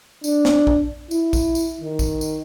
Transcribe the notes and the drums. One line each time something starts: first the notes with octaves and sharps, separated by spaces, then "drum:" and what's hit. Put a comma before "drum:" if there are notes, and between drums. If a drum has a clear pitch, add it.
D4, drum: tambourine
drum: snare
drum: kick A#1
E4, drum: tambourine
drum: kick A#1, tambourine
drum: tambourine
D#3
drum: kick A#1, tambourine
drum: tambourine